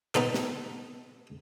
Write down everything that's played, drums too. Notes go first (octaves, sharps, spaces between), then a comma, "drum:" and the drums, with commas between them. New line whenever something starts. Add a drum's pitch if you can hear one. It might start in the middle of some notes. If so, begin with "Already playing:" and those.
B3 D#4 A4, drum: clap
drum: snare